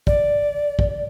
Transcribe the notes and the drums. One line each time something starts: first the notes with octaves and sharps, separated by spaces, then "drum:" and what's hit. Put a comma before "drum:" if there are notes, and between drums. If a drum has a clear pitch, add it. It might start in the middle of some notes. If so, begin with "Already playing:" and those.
D5, drum: kick
drum: kick